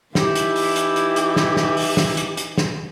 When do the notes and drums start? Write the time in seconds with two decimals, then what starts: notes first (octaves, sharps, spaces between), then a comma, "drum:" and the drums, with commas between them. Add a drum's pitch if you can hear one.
0.15 E3 D#4 E4 G4, drum: snare
0.36 drum: hi-hat
0.56 drum: open hi-hat
0.76 drum: hi-hat
0.96 drum: hi-hat
1.16 drum: hi-hat
1.36 drum: snare
1.57 drum: snare
1.77 drum: open hi-hat
1.97 drum: snare
2.17 drum: hi-hat
2.37 drum: hi-hat
2.58 drum: snare